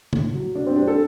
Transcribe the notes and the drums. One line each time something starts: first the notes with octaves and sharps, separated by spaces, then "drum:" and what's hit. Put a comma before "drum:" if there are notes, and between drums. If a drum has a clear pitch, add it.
A2, drum: tom C#3
F#3
B2 D4
C4
G3 D4
A4